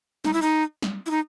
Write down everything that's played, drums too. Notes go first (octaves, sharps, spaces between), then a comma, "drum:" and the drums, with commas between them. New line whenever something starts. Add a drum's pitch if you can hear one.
D#4, drum: snare
E4
D#4
drum: snare
E4
D#4